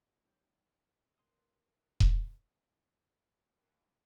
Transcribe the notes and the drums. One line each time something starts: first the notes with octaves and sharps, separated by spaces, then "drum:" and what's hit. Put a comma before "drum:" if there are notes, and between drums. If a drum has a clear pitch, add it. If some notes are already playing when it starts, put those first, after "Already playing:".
D#3 G3 C#4 G4 C#5 G6
A#4 B4 C6 D#6
drum: kick E1
D#2